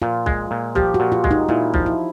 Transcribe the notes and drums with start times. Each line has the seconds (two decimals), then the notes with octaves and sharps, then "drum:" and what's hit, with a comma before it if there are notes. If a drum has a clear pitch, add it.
0.02 A#2 F4
0.26 G#3, drum: kick
0.51 A#2
0.75 F3 G4, drum: kick
0.94 F#4
1.00 A#2
1.12 F4
1.24 G#3, drum: kick
1.31 D#4
1.49 A#2 E4
1.74 F3, drum: kick
1.86 E4